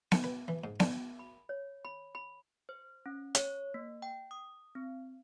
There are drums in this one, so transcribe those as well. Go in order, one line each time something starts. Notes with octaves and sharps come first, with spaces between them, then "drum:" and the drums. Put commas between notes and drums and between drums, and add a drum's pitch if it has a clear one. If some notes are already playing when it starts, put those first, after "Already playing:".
C#6, drum: snare B3
B4
E3
G#2
D4, drum: snare B3
B5
C#5
B5
B5
C5
C#4
C#5, drum: hi-hat
A#3
G5
D#6
C4